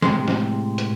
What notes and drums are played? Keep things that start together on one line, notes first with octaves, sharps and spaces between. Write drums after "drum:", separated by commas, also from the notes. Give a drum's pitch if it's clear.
A2 C3 G#3, drum: snare
drum: snare
drum: hi-hat